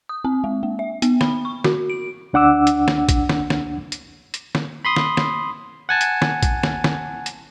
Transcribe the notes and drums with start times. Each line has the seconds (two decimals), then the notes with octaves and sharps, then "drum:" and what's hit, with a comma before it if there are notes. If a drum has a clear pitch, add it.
0.09 D#6
0.25 C4
0.44 G#3
0.63 A#3
0.79 E5
1.02 B3, drum: hi-hat
1.21 B5, drum: snare
1.45 C#6
1.64 F#4, drum: snare
1.90 D7
2.33 D2 D4 F#5 D6 E6
2.67 drum: hi-hat
2.88 drum: snare
3.09 drum: kick A1, hi-hat
3.29 drum: snare
3.50 drum: snare
3.92 drum: hi-hat
4.34 drum: hi-hat
4.55 drum: snare
4.85 B5 C6 D#6
4.96 drum: snare
5.17 drum: snare
5.89 F#5 G#5 A5
6.01 drum: hi-hat
6.22 drum: snare
6.43 drum: kick A1, hi-hat
6.63 drum: snare
6.84 drum: snare
7.26 drum: hi-hat